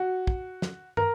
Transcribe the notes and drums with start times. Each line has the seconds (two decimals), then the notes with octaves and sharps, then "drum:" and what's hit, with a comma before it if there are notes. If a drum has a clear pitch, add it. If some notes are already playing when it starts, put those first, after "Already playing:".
Already playing: F#4
0.27 drum: kick
0.62 drum: snare
0.97 A#4, drum: tom